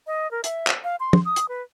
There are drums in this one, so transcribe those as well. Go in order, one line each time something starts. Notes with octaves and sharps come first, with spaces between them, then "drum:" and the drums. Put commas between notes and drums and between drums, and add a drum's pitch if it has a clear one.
D#5
A#4
E5, drum: hi-hat
drum: clap
F5
C6
drum: tom
D#6
drum: hi-hat
B4